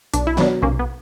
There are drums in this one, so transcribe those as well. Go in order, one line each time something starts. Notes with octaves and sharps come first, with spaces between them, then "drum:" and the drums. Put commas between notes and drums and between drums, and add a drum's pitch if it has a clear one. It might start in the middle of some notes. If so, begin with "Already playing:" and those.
B1 D4, drum: hi-hat
E4
B2 F#3 B3 D4, drum: snare
B1 A#3 C#4, drum: tom B2
B3